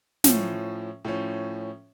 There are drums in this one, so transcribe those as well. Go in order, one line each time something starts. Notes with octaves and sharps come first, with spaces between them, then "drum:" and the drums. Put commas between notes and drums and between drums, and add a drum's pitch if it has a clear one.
A2 F3 C#4, drum: snare
A2 F3 C#4